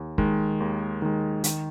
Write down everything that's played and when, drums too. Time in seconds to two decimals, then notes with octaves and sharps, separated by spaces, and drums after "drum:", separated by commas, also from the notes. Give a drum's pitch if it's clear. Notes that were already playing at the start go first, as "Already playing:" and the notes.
Already playing: D#2
0.18 D#3 G#3, drum: kick
0.60 D#2
1.02 D#3 G#3
1.44 D#3, drum: hi-hat